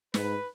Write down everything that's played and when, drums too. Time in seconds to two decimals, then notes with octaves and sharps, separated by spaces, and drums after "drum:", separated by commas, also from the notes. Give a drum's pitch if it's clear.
0.14 G#2 B4, drum: snare